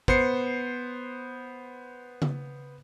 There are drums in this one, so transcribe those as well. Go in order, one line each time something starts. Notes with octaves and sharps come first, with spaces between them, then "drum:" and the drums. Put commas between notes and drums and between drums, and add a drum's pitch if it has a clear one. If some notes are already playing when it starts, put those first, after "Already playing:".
B3 C5 C7 C#7, drum: kick
drum: tom C#3